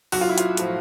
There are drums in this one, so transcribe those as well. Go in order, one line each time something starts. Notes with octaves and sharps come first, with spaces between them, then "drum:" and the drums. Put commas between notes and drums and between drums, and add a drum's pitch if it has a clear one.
B1 F#4, drum: open hi-hat
F4
E4
F4, drum: hi-hat
A2 F3, drum: hi-hat